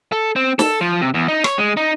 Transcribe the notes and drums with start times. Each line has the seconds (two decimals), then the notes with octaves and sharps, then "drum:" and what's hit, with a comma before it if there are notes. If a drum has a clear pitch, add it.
0.12 A4
0.36 C4
0.59 A4, drum: snare
0.81 F3
1.01 C3
1.14 E2
1.28 D#4
1.44 C#5, drum: rim click
1.58 G#3
1.77 D#4